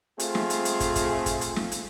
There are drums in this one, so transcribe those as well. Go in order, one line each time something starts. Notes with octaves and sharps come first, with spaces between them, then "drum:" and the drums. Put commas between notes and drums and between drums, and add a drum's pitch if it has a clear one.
A3 C4 F4 G#4, drum: hi-hat
drum: snare
drum: hi-hat
drum: hi-hat
drum: kick, hi-hat
drum: kick, hi-hat
drum: kick, hi-hat
drum: hi-hat
drum: snare
drum: hi-hat